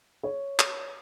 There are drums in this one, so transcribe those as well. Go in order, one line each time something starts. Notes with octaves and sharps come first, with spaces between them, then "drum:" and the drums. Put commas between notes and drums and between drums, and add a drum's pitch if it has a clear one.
C#5
drum: clap